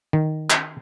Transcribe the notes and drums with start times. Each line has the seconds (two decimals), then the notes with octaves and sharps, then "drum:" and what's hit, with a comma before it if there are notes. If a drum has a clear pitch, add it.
0.13 D#3
0.50 drum: clap